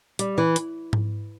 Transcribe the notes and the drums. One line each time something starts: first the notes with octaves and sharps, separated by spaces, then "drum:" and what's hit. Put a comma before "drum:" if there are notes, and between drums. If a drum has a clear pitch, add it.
G3, drum: hi-hat
E3
drum: hi-hat
drum: tom G#2